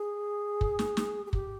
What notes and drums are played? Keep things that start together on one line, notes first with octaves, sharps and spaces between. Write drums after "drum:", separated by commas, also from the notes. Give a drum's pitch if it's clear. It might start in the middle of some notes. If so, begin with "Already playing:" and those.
Already playing: G#4
drum: kick
drum: snare
drum: snare
G#4
G4, drum: kick